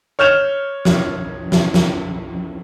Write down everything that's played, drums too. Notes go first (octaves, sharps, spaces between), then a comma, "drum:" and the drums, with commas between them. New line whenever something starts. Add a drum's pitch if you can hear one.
C#5 F6 G6 E7 F7
drum: snare
drum: snare
drum: snare